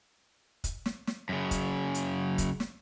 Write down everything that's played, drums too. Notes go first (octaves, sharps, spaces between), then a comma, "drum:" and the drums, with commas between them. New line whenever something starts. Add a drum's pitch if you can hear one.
drum: kick, hi-hat
drum: snare
drum: snare
F#2 C#3
drum: kick, hi-hat
drum: hi-hat
drum: kick, hi-hat
drum: snare